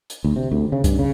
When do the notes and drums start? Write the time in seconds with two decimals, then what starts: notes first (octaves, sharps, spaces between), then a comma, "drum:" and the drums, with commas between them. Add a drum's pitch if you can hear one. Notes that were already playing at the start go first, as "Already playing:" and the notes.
0.10 drum: hi-hat
0.24 D2
0.36 C3
0.52 D2
0.72 C#3
0.84 G2, drum: kick C2, hi-hat
0.99 C#3